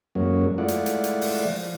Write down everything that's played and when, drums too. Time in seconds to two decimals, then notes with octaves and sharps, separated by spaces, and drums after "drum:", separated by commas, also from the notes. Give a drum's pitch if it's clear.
0.15 F#2 F#3 G#3 A#3 C#4
0.58 G#3 A3 E4 F4 D5 F#5
0.68 drum: hi-hat
0.86 drum: hi-hat
1.04 drum: hi-hat
1.21 drum: open hi-hat
1.45 F3